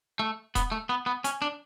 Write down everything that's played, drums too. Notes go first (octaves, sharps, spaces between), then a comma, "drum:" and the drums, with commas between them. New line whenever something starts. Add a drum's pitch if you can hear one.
A3
B3, drum: kick D#1, hi-hat
A3
B3
B3
C#4, drum: hi-hat
D4